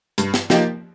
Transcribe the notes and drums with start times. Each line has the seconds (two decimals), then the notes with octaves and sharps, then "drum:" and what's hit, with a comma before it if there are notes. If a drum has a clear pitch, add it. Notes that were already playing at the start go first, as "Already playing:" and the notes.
0.18 G2, drum: hi-hat
0.34 drum: snare
0.50 F3 A#3 D#4 G4, drum: snare